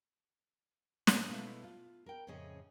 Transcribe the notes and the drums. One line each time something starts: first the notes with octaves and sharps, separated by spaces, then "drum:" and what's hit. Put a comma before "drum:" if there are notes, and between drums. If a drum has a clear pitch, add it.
A2 D3 F3 F#4 D#5, drum: snare
B2 G#3 A3 E4 F5
F4
A#4 G5
F2 A2 C#3 C#4 G#4 D#5